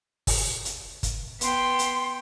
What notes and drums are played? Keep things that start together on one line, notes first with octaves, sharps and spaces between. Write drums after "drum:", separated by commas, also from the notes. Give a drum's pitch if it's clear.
drum: kick, open hi-hat
drum: hi-hat
drum: kick, hi-hat
B3 G5 C6, drum: hi-hat
drum: hi-hat